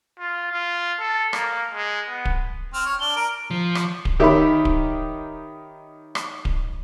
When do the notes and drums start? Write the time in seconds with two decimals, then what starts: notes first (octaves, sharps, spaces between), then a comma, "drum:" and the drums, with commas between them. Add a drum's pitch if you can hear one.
0.19 F4
0.52 F4
0.99 A4
1.33 A#3, drum: rim click
1.73 G#3
2.09 B3
2.25 drum: kick D1
2.74 C4 F6
2.85 C#5 F6
3.00 D4 G7
3.16 A#4 D7
3.51 F3
3.75 drum: rim click
4.05 drum: kick D1
4.20 D#3 D#4 G4 C#5 E5 B5
4.65 drum: kick D1
6.15 drum: rim click
6.45 drum: kick D1